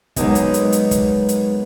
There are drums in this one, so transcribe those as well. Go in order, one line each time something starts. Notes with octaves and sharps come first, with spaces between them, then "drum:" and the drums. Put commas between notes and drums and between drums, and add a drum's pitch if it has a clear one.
F#3 G#3 A#3 B3 D#4 D#5, drum: kick, hi-hat
drum: hi-hat
drum: hi-hat
drum: hi-hat
drum: kick, hi-hat
drum: hi-hat